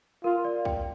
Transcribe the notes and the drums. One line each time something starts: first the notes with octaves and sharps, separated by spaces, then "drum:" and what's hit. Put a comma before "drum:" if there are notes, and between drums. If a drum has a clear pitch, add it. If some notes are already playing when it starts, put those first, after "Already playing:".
F4 A#4
D5
G5, drum: kick